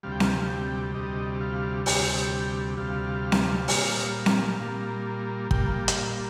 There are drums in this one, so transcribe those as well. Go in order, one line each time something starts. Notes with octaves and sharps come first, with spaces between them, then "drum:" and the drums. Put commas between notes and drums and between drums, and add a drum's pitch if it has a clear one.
D2 C3 G3 F5
G5
F5, drum: snare C4
G5
F5
G5
D2 C3 G3 D#5
F5
D2 C3 G3 G5, drum: open hi-hat
D2 C3 G3 F5
drum: snare C4
A#2 G3 A#3, drum: open hi-hat
drum: snare C4
A#2 G3 A#3
A#2 G3 A#3 G5, drum: kick
F5
G5
G5, drum: hi-hat
F5